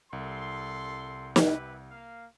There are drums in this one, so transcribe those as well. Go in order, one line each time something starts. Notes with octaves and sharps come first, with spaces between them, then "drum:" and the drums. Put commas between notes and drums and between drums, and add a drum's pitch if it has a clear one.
C2 A4 C6
drum: snare
E4 G4 B4
A#3 F5